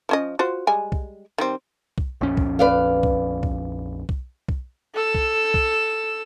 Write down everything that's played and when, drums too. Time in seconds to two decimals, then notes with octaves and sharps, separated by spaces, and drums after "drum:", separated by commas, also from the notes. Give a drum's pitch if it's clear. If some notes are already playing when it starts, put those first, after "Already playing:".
0.09 F3 C#4 D#5
0.39 F4 F#4 C5
0.67 G3 G#3 G#5
0.92 drum: kick B1
1.38 D#3 G3 C4
1.98 drum: kick B1
2.21 A#1 F2 C#4
2.37 drum: kick B1
2.59 B4 D5 F5
3.03 drum: kick B1
3.43 drum: kick B1
4.09 drum: kick B1
4.48 drum: kick B1
4.94 A4 E6
5.15 drum: kick B1
5.54 drum: kick B1